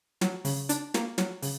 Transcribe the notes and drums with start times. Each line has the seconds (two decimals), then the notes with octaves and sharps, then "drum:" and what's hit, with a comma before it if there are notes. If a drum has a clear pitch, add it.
0.21 F#3, drum: snare
0.45 C#3, drum: open hi-hat
0.69 D4, drum: hi-hat
0.94 A#3, drum: snare
1.18 F#3, drum: snare
1.42 C#3, drum: open hi-hat